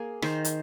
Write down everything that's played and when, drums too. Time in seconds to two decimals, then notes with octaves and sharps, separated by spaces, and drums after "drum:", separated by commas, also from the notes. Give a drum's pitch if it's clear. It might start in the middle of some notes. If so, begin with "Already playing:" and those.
Already playing: A#3 G#4
0.22 D#3 C5, drum: rim click
0.45 drum: hi-hat